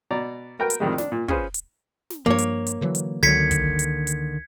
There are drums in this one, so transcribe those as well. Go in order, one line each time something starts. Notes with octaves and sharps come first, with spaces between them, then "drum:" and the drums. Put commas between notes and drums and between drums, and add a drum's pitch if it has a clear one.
B2 D5 A#5
F#4 A#4 B4 G5
drum: hi-hat
F2 A2 D#3 G3 G#3
D4, drum: snare
A#2
C#4 F4 G#4 B4 C5, drum: kick
drum: hi-hat
drum: snare
G2 F3 A#3 C#5
drum: hi-hat
drum: hi-hat
D3 E3 F#3
drum: hi-hat
C#2 D3 D#3 F#3 G#6 B6 C#7, drum: snare
drum: kick, hi-hat
drum: hi-hat
drum: hi-hat